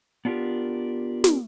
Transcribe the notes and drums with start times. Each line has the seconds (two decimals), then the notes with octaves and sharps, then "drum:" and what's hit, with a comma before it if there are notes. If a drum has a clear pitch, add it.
0.25 B3 D4 F4 G4 A#4
1.24 drum: snare